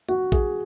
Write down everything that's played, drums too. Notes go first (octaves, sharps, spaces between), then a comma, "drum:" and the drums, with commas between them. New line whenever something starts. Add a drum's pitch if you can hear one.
F#4, drum: hi-hat
G#4, drum: kick A#1